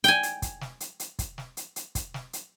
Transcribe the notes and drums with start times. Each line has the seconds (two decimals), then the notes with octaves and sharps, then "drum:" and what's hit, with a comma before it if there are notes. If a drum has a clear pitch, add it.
0.04 G5 G#5, drum: hi-hat
0.23 drum: hi-hat
0.42 drum: kick, hi-hat
0.61 drum: snare
0.80 drum: hi-hat
1.00 drum: hi-hat
1.19 drum: kick, hi-hat
1.38 drum: snare
1.57 drum: hi-hat
1.76 drum: hi-hat
1.95 drum: kick, hi-hat
2.14 drum: snare
2.33 drum: hi-hat